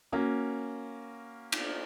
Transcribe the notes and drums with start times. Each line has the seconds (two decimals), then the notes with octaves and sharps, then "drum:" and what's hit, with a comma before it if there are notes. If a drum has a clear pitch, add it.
0.12 A#3 C#4 F#4
1.52 drum: cymbal